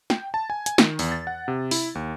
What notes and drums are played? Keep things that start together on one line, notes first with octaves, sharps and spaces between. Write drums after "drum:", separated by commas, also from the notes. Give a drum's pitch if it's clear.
G5, drum: snare
A5
G#5
G#5, drum: hi-hat
D#3, drum: snare
E2, drum: open hi-hat
A6
F#5
C3
E4, drum: open hi-hat
D#2